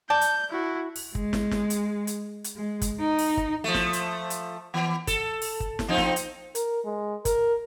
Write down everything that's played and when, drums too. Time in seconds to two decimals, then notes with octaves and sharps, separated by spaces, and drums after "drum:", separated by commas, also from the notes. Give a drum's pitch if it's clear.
0.10 D5 A5 G6
0.21 drum: hi-hat
0.51 E4 F#4
0.96 drum: open hi-hat
1.15 G#3, drum: kick
1.33 drum: snare
1.51 drum: snare
1.70 drum: hi-hat
2.07 drum: hi-hat
2.44 drum: hi-hat
2.56 G#3
2.82 drum: kick, hi-hat
3.00 D#4
3.19 drum: open hi-hat
3.37 drum: kick
3.64 F3 A3
3.74 drum: snare
3.93 drum: hi-hat
4.30 drum: hi-hat
4.74 E3 B3
5.07 A4, drum: kick, hi-hat
5.42 drum: open hi-hat
5.60 drum: kick
5.79 drum: snare
5.88 F3 C4 D#4
5.97 drum: snare
6.16 drum: hi-hat
6.55 A#4, drum: hi-hat
6.85 G#3
7.25 A#4, drum: kick, hi-hat